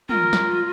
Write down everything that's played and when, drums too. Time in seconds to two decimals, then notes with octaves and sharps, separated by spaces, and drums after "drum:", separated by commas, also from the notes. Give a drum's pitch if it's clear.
0.09 F4 A#4, drum: tom
0.33 drum: snare